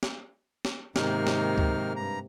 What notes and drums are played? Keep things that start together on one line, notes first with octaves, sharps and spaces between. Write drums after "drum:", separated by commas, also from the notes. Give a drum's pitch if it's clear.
drum: snare
drum: snare
G#2 C3 D#3 A#3 D#4 F6, drum: snare
drum: snare
drum: kick C#2
G2 A#5